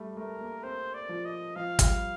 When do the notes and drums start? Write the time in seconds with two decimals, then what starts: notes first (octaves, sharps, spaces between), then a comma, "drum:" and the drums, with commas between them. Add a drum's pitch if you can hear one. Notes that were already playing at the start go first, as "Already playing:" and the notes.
Already playing: G3 A3
0.17 A3 A#4
0.41 A#3
0.63 C4 C5
0.94 D5
1.09 F3
1.25 D#5
1.56 F3 F5
1.79 G3, drum: kick, hi-hat